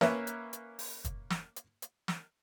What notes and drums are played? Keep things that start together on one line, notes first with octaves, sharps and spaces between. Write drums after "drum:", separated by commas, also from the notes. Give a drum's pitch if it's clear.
A#3 C#4 B4 E5, drum: snare
drum: hi-hat
drum: hi-hat
drum: open hi-hat
drum: kick, hi-hat
drum: snare
drum: hi-hat
drum: hi-hat
drum: snare